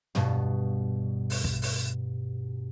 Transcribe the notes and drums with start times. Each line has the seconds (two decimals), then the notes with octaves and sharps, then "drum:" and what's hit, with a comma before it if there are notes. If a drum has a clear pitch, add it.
0.15 G2 B2, drum: tom
1.30 drum: open hi-hat
1.44 drum: kick
1.62 drum: open hi-hat